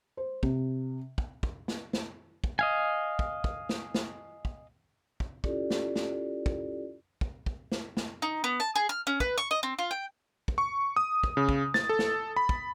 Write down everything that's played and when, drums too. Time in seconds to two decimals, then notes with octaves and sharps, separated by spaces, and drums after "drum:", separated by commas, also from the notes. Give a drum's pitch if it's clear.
0.17 C5
0.43 C3, drum: kick
1.18 drum: kick
1.43 drum: kick
1.68 drum: snare
1.93 drum: snare
2.44 drum: kick
2.59 D#5 F5 G#5
3.19 drum: kick
3.44 drum: kick
3.69 drum: snare
3.94 drum: snare
4.45 drum: kick
5.20 drum: kick
5.44 C#4 E4 F4 G4 A4 D5, drum: kick
5.70 drum: snare
5.96 drum: snare
6.46 drum: kick
7.21 drum: kick
7.46 drum: kick
7.72 drum: snare
7.97 drum: snare
8.22 D#4
8.44 B3
8.60 A5
8.76 G#4
8.89 F6
9.07 C#4
9.20 B4, drum: kick
9.38 C#6
9.51 D#5
9.63 C4
9.79 F4
9.91 G5
10.48 drum: kick
10.58 C#6
10.96 D#6
11.23 drum: kick
11.37 C#3
11.49 drum: kick
11.74 A6, drum: snare
11.89 A4
11.99 drum: snare
12.36 B5
12.49 drum: kick